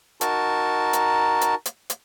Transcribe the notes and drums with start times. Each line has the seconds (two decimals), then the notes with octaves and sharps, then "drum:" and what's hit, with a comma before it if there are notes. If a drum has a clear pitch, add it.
0.21 D#4 F#4 A#4 A5, drum: hi-hat
0.93 drum: hi-hat
1.41 drum: hi-hat
1.65 drum: hi-hat
1.90 drum: hi-hat